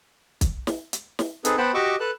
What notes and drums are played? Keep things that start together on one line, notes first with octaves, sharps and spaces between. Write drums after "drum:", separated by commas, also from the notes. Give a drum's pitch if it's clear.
drum: kick, hi-hat
drum: snare
drum: hi-hat
drum: snare
C4 D#4 G#4 A4 B4, drum: hi-hat
B3 C5 F#5 G5 A5 B5
F#4 G4 D#5 C#6 D6 E6
A4 B4 A5 F#6